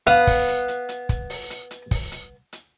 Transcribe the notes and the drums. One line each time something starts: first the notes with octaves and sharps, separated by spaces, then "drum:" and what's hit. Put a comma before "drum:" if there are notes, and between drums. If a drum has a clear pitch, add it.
B3 F5
drum: kick, open hi-hat
drum: hi-hat
drum: hi-hat
drum: hi-hat
drum: kick, hi-hat
drum: open hi-hat
drum: hi-hat
drum: hi-hat
drum: kick, open hi-hat
drum: hi-hat
drum: hi-hat